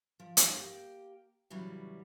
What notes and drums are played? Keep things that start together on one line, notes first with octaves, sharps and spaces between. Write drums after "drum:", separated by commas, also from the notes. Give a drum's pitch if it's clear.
F3
drum: hi-hat
A#3 G4 G5
A2 C#3 E3 F#3 G3